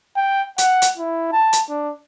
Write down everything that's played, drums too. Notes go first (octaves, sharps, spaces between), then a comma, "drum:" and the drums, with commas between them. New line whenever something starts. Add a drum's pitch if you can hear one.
G5
F#5, drum: hi-hat
drum: hi-hat
E4
A5
drum: hi-hat
D4